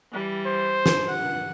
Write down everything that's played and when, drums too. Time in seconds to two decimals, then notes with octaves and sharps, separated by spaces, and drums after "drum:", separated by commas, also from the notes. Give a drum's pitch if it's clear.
0.13 E3 G3
0.46 C5
0.86 drum: snare
1.08 F#5